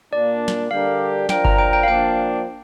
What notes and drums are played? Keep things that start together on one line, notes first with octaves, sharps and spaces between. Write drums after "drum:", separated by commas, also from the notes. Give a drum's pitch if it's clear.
A#2 A#3 D4 D5
drum: snare
D3 G3 D4 G4 A#4 F5
F3 D4 F4 A#4 G5, drum: snare
A#5, drum: kick G1
G5
G5
F5
F3 A#3 D4 G5